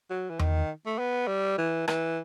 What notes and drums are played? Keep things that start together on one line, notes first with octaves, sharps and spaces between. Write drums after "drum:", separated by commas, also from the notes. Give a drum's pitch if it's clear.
F#3
E3
D#3, drum: tom E2
A3
B3
G3
E3
E3, drum: rim click